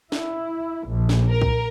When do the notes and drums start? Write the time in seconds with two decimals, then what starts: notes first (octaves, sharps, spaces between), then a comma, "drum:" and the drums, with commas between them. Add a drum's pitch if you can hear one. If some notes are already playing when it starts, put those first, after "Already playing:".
0.12 E4, drum: snare
0.88 A#1
1.09 drum: snare
1.29 A#4
1.42 drum: kick